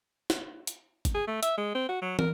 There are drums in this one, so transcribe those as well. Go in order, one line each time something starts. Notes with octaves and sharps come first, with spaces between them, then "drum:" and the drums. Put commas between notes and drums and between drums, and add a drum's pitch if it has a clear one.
drum: snare
drum: hi-hat
drum: kick G#1, hi-hat
G#4
A3
E5, drum: hi-hat
G#3
C4
F#4
F#3
A#4, drum: tom